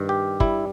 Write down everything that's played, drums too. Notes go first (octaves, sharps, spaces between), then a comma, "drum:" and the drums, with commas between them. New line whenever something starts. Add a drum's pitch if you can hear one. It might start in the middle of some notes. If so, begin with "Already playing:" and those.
Already playing: G2 D#3
G4
G3 E4, drum: kick